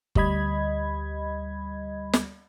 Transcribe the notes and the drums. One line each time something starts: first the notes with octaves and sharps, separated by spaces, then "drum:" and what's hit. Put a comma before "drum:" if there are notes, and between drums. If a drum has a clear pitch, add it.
D2 G3 D#5 B5 G#6, drum: kick F#1
drum: snare